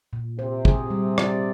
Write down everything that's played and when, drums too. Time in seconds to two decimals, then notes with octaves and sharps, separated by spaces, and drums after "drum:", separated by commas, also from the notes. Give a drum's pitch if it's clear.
0.13 A#2
0.39 C3 C5
0.65 G#4, drum: kick
0.90 G3
1.18 D5, drum: rim click